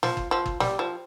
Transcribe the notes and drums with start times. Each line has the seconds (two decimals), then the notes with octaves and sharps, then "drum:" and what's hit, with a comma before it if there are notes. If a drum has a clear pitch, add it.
0.03 F3, drum: snare
0.17 drum: kick
0.31 F3
0.46 drum: kick
0.60 G3, drum: snare
0.79 F3